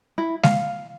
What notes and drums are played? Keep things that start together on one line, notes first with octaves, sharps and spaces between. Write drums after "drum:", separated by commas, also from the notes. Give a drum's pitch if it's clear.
E4
F5, drum: snare